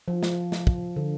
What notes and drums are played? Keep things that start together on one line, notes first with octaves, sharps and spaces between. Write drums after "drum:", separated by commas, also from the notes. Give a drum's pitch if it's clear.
F3
drum: snare
drum: snare
drum: kick
D3